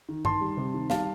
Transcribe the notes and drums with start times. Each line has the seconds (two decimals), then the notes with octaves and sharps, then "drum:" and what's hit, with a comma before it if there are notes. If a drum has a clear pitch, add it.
0.09 D#3
0.25 D#3 A5 C6, drum: tom G2
0.41 G3
0.57 C3
0.74 D#3
0.90 G3 F5 A5, drum: snare